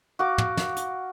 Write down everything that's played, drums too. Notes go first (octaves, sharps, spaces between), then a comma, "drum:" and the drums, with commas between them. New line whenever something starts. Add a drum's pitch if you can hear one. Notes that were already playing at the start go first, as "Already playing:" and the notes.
F#4 F5 D6
drum: tom
drum: snare
drum: hi-hat